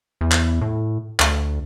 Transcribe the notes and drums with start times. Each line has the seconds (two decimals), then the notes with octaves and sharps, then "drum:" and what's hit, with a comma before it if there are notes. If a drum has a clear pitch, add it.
0.21 E2
0.31 drum: clap
0.61 A2
1.20 D2, drum: clap